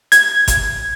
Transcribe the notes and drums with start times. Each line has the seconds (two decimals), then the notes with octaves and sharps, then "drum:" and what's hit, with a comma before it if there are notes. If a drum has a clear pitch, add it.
0.12 G#6, drum: hi-hat
0.48 drum: kick G1, hi-hat